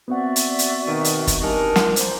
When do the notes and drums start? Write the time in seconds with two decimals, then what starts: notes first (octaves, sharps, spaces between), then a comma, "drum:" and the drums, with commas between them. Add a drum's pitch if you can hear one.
0.08 B3 C4 F#4 D5 E5 F#5
0.36 drum: hi-hat
0.59 drum: hi-hat
0.87 B2 D#3
1.04 drum: hi-hat
1.27 drum: kick, hi-hat
1.42 G3 D4 D#4 A#4 G#5
1.76 F4, drum: snare
1.96 C5 A#5 D6, drum: hi-hat